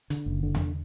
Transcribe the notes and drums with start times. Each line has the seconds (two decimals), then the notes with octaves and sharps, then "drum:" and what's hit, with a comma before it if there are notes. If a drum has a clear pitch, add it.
0.10 D3, drum: hi-hat
0.26 F#1
0.43 D3
0.55 drum: tom E2